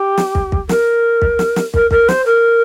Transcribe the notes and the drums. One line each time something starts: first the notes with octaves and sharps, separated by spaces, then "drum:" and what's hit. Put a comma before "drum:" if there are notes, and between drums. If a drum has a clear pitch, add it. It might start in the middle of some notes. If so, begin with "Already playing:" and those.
Already playing: G4
drum: snare
drum: kick
drum: kick
A#4, drum: snare
drum: kick
drum: snare
drum: snare
A#4, drum: kick
A#4, drum: kick
C5, drum: snare
A#4